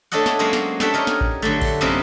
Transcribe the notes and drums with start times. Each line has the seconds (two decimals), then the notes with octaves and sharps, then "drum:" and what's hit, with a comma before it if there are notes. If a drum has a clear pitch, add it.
0.12 A3 D4 A4 C#5 D#5 F#5
0.26 drum: snare
0.39 F#3 G#3 A#3 C#4 G#4 C5
0.53 drum: snare
0.80 A3 D4 G4 E5 F#5 G5, drum: snare
0.94 D#4 A#4 C#5
1.07 drum: snare
1.21 drum: kick A1
1.42 D3 F#3 A3
1.61 drum: kick A1, cymbal
1.81 F#2 C3 A#3 C4 D#4 E4